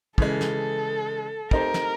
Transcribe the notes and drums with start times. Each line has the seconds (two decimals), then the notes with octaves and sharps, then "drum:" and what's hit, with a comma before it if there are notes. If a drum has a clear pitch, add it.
0.18 C#3 E3 G#3 A4, drum: kick
0.41 drum: snare
1.51 A3 C4 D#4 G4 A#4 C5, drum: kick
1.74 drum: snare